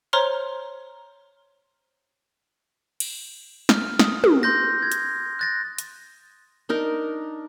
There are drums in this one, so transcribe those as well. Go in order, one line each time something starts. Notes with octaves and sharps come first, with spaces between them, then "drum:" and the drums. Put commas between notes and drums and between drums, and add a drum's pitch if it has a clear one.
C5 C#5 A#5 C6 F6
drum: cymbal
F6, drum: snare
D#6, drum: snare
drum: tom
C6 G6 A#6
G#6
drum: hi-hat
F#6 A6 A#6
drum: hi-hat
D4 D#4 A#4